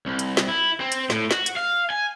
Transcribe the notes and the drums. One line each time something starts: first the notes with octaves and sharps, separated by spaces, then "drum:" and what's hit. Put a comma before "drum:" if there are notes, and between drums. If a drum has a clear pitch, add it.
C2
drum: hi-hat
drum: snare
E4
C4
drum: hi-hat
A2, drum: snare
F#4, drum: snare
drum: hi-hat
F5
G#5